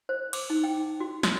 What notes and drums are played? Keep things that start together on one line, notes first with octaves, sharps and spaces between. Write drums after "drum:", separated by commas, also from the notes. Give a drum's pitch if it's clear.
C5
D6, drum: cymbal
D#4
G5
F#4
F#4, drum: snare